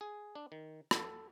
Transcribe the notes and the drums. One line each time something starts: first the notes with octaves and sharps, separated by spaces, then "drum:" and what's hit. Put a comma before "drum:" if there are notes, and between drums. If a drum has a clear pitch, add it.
G#4
D4
D#3
A4, drum: rim click